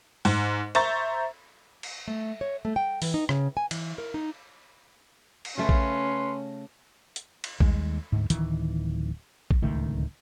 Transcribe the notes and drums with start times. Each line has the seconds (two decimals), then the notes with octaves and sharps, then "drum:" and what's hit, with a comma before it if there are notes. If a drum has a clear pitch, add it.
0.25 G#2, drum: open hi-hat
0.75 C5 E5 A#5 C#6 A6, drum: cymbal
1.83 drum: cymbal
2.08 A3
2.41 C#5
2.65 A3
2.76 G5
3.02 E3, drum: open hi-hat
3.14 D#4
3.29 C#3, drum: rim click
3.57 G#5
3.71 E3, drum: cymbal
3.98 A#4
4.14 D#4
5.45 drum: cymbal
5.58 C#3 A3 C#4 B4 C6
5.69 drum: kick A#1
7.16 drum: hi-hat
7.44 drum: cymbal
7.60 D#2 G3 G#3, drum: kick A#1
8.12 D2 G#2
8.30 D1 D#3 E3, drum: hi-hat
9.51 drum: kick A#1
9.62 D1 C#2 D#3 A3